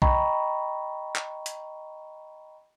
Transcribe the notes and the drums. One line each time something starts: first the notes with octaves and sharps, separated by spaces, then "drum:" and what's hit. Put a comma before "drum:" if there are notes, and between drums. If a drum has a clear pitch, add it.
D#5 G5 A#5 B5 C#6, drum: kick B1
drum: clap
drum: hi-hat